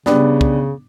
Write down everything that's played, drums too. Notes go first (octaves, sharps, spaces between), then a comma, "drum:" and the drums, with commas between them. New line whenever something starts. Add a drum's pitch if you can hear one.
C#3 G3 B3 D4, drum: snare
drum: kick